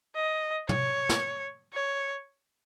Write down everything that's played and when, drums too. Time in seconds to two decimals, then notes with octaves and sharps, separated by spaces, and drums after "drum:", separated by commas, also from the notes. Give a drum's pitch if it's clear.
0.16 D#5
0.69 C#5, drum: tom
1.09 drum: snare
1.74 C#5